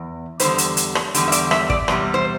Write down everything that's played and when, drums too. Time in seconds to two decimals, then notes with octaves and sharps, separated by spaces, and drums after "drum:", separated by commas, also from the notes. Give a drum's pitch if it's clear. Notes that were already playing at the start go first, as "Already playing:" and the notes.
Already playing: E2
0.40 E2 D3 G3 C5, drum: hi-hat
0.58 drum: hi-hat
0.77 drum: hi-hat
0.95 drum: rim click
1.14 E2 D3 G3, drum: hi-hat
1.28 E5
1.32 D5, drum: hi-hat
1.51 E5, drum: rim click
1.70 D5, drum: kick
1.88 E2 C3 G3, drum: rim click
2.14 C5